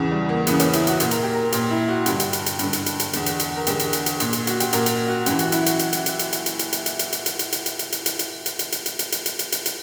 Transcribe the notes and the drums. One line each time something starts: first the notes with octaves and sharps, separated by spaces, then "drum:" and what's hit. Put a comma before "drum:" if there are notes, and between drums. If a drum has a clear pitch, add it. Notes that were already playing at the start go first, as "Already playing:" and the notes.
Already playing: E2 C#3 E3
G3
A#3
E2 C#3 E3 B3, drum: hi-hat
C#4, drum: hi-hat
E4, drum: hi-hat
F#4, drum: hi-hat
A#2, drum: hi-hat
A#4, drum: hi-hat
G4
A#4
A#2 G4, drum: hi-hat
E4
F#4
G2 D3 G4, drum: hi-hat
drum: hi-hat
drum: hi-hat
drum: hi-hat
G2 D3, drum: hi-hat
drum: hi-hat
drum: hi-hat
drum: hi-hat
E2 D3, drum: hi-hat
drum: hi-hat
drum: hi-hat
A#4
E2 D3 G4, drum: hi-hat
drum: hi-hat
drum: hi-hat
drum: hi-hat
A#2, drum: hi-hat
drum: hi-hat
F#4, drum: hi-hat
G4, drum: hi-hat
A#2 A#4, drum: hi-hat
drum: hi-hat
F#4
F#2 E3 G4, drum: hi-hat
F#4, drum: hi-hat
E4, drum: hi-hat
F#4, drum: hi-hat
drum: hi-hat
drum: hi-hat
drum: hi-hat
drum: hi-hat
drum: hi-hat
drum: hi-hat
drum: hi-hat
drum: hi-hat
drum: hi-hat
drum: hi-hat
drum: hi-hat
drum: hi-hat
drum: hi-hat
drum: hi-hat
drum: hi-hat
drum: hi-hat
drum: hi-hat
drum: hi-hat
drum: hi-hat
drum: hi-hat
drum: hi-hat
drum: hi-hat
drum: hi-hat
drum: hi-hat
drum: hi-hat
drum: hi-hat
drum: hi-hat
drum: hi-hat
drum: hi-hat